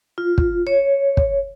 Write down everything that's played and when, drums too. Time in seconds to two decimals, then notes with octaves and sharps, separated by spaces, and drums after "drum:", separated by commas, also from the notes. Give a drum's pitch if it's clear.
0.18 F4
0.38 drum: kick
0.67 C#5
1.17 drum: kick